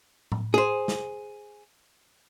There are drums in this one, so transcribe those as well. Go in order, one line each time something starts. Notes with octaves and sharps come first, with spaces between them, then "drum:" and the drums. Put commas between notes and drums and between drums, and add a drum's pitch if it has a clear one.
drum: tom A2
G#4 C5
drum: snare